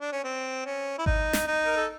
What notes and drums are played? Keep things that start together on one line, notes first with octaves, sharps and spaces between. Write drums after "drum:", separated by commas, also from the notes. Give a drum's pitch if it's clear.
D4
C#4
C4
C#4
E4
D#4, drum: kick G#1
drum: snare
D#4
A#4
A4